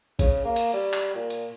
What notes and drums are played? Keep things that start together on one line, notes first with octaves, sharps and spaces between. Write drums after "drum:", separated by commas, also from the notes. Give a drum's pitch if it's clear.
C#3, drum: kick A1, cymbal
A#3
drum: cymbal
G3
drum: clap
A#2
drum: cymbal